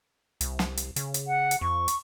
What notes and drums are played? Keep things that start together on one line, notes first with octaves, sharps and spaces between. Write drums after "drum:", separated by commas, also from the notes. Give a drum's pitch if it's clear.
C2, drum: hi-hat
drum: snare
drum: hi-hat
C#3, drum: hi-hat
drum: hi-hat
F#5
drum: hi-hat
F2 C#6
drum: hi-hat